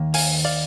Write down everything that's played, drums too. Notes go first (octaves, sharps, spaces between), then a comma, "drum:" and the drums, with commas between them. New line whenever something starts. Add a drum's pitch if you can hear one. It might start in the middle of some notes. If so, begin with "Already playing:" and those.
Already playing: D#2 D#3 A#3
F5 G#5, drum: open hi-hat
D5 F5